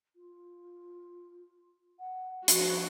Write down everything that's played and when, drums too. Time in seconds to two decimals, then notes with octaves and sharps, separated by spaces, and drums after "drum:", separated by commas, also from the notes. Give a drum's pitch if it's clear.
0.16 F4
1.99 F#5
2.48 F3 F#4, drum: hi-hat